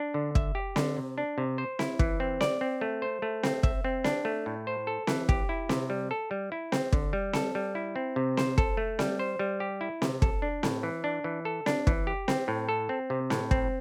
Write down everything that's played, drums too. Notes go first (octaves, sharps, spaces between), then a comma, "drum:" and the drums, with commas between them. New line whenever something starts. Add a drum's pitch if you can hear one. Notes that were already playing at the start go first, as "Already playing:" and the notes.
Already playing: D4
D3
E5, drum: kick
G4
D3, drum: snare C4
C3
D4
C3
C5
E4, drum: snare C4
E3, drum: kick
C4
D5, drum: snare C4
C4
A3
C5
A3
C4, drum: snare C4
E5, drum: kick
C4
D4, drum: snare C4
A3
A2
C5
A4
E3, drum: snare C4
G4, drum: kick
E4
C3, drum: snare C4
G3
A4
G3
E4
C4, drum: snare C4
D3, drum: kick
G3
A4, drum: snare C4
G3
E4
C4
C3
C5, drum: snare C4
A4, drum: kick
A3
G3, drum: snare C4
C5
G3
G4
E4
C3, drum: snare C4
A4, drum: kick
D4
A2, drum: snare C4
E3
D4
E3
A4
D4, drum: snare C4
E3, drum: kick
G4
C4, drum: snare C4
A2
A4
C4
C3
A2, drum: snare C4
C4, drum: kick